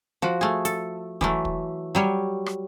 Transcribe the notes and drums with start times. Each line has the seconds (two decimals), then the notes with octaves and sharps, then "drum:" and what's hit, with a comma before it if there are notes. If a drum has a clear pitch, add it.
0.22 F3 F#4
0.41 A3 G#4
0.65 A4, drum: hi-hat
1.21 E3 F#3 A3, drum: kick
1.45 drum: kick
1.95 F#3 G3 C#5
2.46 drum: rim click